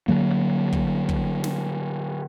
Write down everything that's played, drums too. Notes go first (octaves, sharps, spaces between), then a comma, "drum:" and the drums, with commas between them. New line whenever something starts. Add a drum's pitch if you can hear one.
D3 F#3 A#3
drum: kick
drum: kick
drum: snare